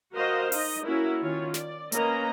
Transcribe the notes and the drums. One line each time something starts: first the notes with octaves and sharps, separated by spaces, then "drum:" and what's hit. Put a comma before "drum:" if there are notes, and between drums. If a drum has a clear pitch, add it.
F#4 A#4 C5 D#5 F5
D#4 D#5, drum: open hi-hat
A#3 C#4 E4 F#4 A#4
D#3 C#4 F4 C#5
D5, drum: snare
A#3 C#4 A#4 B4 D#5 A#5, drum: hi-hat